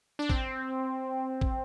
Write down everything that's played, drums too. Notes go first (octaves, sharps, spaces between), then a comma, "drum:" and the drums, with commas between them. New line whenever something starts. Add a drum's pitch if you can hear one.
D4
C4, drum: kick A1
drum: kick A1